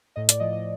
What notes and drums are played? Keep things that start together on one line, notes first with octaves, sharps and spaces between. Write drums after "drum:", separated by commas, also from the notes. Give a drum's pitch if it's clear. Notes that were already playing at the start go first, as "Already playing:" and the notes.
A2 D#5
D5, drum: hi-hat
F3 D#5
D#5